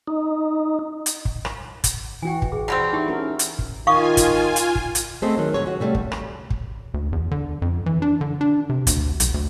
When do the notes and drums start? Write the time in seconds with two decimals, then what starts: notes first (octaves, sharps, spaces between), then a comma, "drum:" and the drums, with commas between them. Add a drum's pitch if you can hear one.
0.07 D#4
1.06 drum: hi-hat
1.25 drum: kick
1.45 drum: rim click
1.84 drum: kick, hi-hat
2.23 E3 F#4 G5 G#5
2.42 drum: kick
2.52 G#4
2.68 B2 G3 C4
2.93 D#4 E4 G4
3.08 C#4 F#4 A#4
3.39 drum: hi-hat
3.59 drum: kick
3.87 D#3 F4 F5 G#5 C#6 D#6
4.17 drum: kick, hi-hat
4.56 drum: hi-hat
4.75 drum: kick
4.95 drum: hi-hat
5.22 A3 B3 C4 G#4 A4 D#5
5.38 D#3 F#3
5.54 F2 C3 D#4 G#4 C#5
5.66 C#4 F#4
5.80 C3 G3 A3 A#3 C#4
5.95 D#2, drum: kick
6.12 drum: rim click
6.50 drum: kick
6.94 D2
7.12 E2
7.31 D3
7.62 F2
7.86 E3
8.02 D4
8.21 D3
8.41 D4
8.69 C3
8.87 D2, drum: kick, hi-hat
9.20 B1, drum: hi-hat
9.34 D2